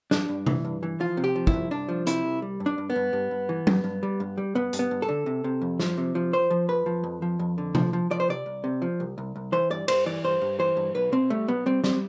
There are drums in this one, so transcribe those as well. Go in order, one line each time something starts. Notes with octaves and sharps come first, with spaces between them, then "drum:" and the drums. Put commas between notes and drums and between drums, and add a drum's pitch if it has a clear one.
G2 D4, drum: snare
G2
E3, drum: tom C3
G2
E3
F3 F4
C3
G4
F3
E4, drum: kick
C2
C2 D4
F3
C3 E4, drum: hi-hat
C2
G3
G2
D4
G2
B3
G2
G2
G2
E3
G2, drum: tom F#3
G2
G3
G2
G3
G2 B3
G2, drum: hi-hat
B3
G2
A4
D3
C3
C3
F2
F3, drum: snare
C3
F3
F2 C5
F3
F2 B4
F3
F2
F3
F2
D3
F3, drum: tom C3
F3
F3 D5
C5
C3 D5
C2
C3
F3
C2
C2
C2
E3 C5
G2 D5
G2 C5, drum: cymbal
E3 D5
G2 C5
G2
E3 C5
G2
B1 B4
B2 C4
G3 A3
B1 B3
G3 C4
G3 C4, drum: snare